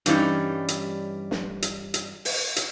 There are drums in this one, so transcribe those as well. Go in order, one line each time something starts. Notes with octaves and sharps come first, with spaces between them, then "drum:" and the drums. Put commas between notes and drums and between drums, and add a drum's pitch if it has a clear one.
G2 E3 G3 C4 C#4 D#4, drum: hi-hat
drum: hi-hat
drum: snare
drum: hi-hat
drum: hi-hat
drum: open hi-hat
drum: hi-hat